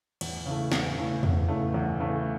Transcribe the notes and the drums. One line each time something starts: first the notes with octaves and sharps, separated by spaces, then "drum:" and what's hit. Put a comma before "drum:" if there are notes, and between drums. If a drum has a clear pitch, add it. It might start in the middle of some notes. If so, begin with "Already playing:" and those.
E2, drum: cymbal
C#3 E3 A3
E2, drum: snare
C#3 E3 A3
E2, drum: tom E2
C#3 E3 A3
E2
C#3 E3 A3